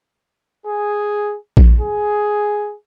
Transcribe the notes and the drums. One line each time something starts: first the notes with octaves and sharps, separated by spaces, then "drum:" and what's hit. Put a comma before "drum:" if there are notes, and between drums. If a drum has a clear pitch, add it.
G#4
drum: kick A#1
G#4